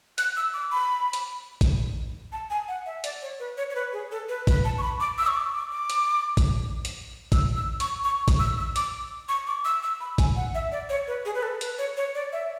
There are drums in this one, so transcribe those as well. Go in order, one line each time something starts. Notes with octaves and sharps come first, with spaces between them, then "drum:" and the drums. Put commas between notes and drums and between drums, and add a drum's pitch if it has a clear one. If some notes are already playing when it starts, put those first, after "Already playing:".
F#6, drum: hi-hat
E6
D6
B5
drum: hi-hat
drum: kick A#1, hi-hat
A5
G#5
F#5
E5
D5, drum: hi-hat
C#5
B4
C#5
C#5
B4
G#4
A4
B4
B4, drum: kick A#1, hi-hat
A5
C#6
B5
D6
E6
C#6
D6
D6
D6
drum: hi-hat
drum: kick A#1, hi-hat
drum: hi-hat
E6, drum: kick A#1, hi-hat
E6
C#6, drum: hi-hat
C#6
drum: kick A#1, hi-hat
E6
E6
D6, drum: hi-hat
C#6
D6
E6
E6
B5
G#5, drum: kick A#1, hi-hat
F#5
E5
D5
C#5
B4
G#4
B4
A4
B4, drum: hi-hat
C#5
C#5
D5
E5